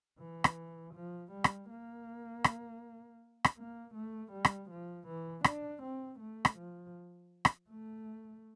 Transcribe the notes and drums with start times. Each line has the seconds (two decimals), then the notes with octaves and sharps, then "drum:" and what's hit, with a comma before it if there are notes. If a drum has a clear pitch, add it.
0.19 E3
0.44 drum: rim click
0.94 F3
1.32 G3
1.44 drum: rim click
1.70 A#3
2.44 drum: rim click
3.44 drum: rim click
3.57 A#3
3.95 A3
4.32 G3
4.45 drum: rim click
4.70 F3
5.07 E3
5.44 D4, drum: rim click
5.82 C4
6.20 A3
6.45 drum: rim click
6.57 F3
7.45 drum: rim click
7.70 A3